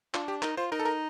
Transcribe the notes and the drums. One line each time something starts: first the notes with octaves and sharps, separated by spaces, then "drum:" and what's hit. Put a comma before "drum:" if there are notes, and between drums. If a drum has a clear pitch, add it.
D4 F4, drum: clap
G4
D#4 A#4, drum: clap
F4 C5
D#4 A#4
A4
A#4